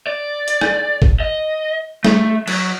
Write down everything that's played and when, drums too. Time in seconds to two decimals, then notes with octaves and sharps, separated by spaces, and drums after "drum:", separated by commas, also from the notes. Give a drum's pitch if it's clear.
0.07 D5
0.48 drum: hi-hat
0.61 drum: rim click
1.02 drum: kick A1
1.20 D#5
2.05 A3, drum: snare
2.48 F#3, drum: cymbal